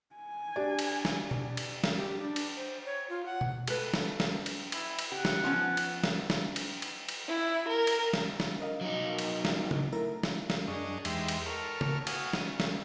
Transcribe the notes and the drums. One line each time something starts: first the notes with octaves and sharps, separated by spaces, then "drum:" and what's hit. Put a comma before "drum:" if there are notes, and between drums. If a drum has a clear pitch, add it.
G#5
D4 G4 D5
drum: cymbal
drum: snare
drum: tom B2
drum: cymbal
drum: snare
G4
D4
drum: cymbal
C5
C#5
F4
F#5
drum: tom B2
A4 B4, drum: cymbal
drum: snare
drum: snare
drum: cymbal
E4, drum: cymbal
drum: cymbal
G4 F#5
drum: snare
F3 B3 C#4
drum: cymbal
drum: snare
drum: snare
drum: cymbal
drum: cymbal
drum: cymbal
E4
A#4
drum: cymbal
drum: snare
drum: snare
A#4 D#5 F5
F#3 D#4
drum: cymbal
drum: snare
drum: tom
A3 E4 A#4
drum: snare
drum: snare
F#2 D4 G#4 C#5 D#5
E2 G#3 D#4 G4 E5 C6, drum: cymbal
drum: cymbal
A4 A#4 C#5 F6
drum: tom
F#4 C#5 F5 G#5 D#6, drum: cymbal
drum: snare
C#4
drum: snare